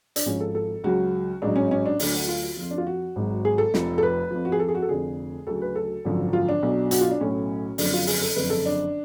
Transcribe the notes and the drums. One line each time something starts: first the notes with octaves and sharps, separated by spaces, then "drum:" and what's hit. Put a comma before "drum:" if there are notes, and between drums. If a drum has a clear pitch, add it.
D4, drum: hi-hat
G#1 G#2 F3 C#4
A4
A4
C#2 C#3 F#3 F#4
A1 G#2 F#3 D4
C#4
C#4
D4
D2 D3 F#3 D4, drum: open hi-hat
F#4
F4
F2 F3
D4
F4
F#4
G#1 G#2 F#3
G#4
A4
F1 F2 F3, drum: snare
A4
B4
F2 F3
F#4
G#4
A4
G#4
F#4
A4
F1 F2 D3 F3 G#4
D2 C#3 F#3 A4
B4
A4
G#1 F#2 D3 F3
F4
D4
B1 B2 F#3
F#4, drum: hi-hat
F4
D4
B1 A2 F#3 C#4
F#1 F2 D3 F#3 D4, drum: open hi-hat
F4
G#4, drum: open hi-hat
A4
F#1 F2 D3 B4
A4
D4